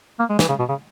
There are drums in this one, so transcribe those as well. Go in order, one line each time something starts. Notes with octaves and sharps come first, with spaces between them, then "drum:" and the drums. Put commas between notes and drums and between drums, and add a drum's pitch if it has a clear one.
A#3
G#3
E3, drum: snare
C#3
B2
C#3